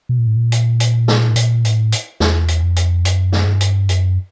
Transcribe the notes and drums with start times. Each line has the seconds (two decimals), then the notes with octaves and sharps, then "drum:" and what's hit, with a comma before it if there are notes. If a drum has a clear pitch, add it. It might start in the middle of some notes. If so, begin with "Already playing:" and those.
0.09 B2
0.19 A#2
0.27 A2
0.36 A#2
0.52 drum: hi-hat
0.80 drum: hi-hat
1.08 drum: snare
1.30 A2
1.36 A#2, drum: hi-hat
1.65 A2, drum: hi-hat
1.92 drum: hi-hat
2.20 E2, drum: snare
2.48 drum: hi-hat
2.63 F2
2.76 drum: hi-hat
3.05 F#2, drum: hi-hat
3.32 drum: snare
3.46 G2
3.61 drum: hi-hat
3.89 F#2, drum: hi-hat